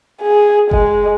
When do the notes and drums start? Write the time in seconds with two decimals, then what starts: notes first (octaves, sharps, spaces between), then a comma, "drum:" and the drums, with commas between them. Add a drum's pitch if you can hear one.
0.23 G#4
0.71 G#3, drum: kick F#1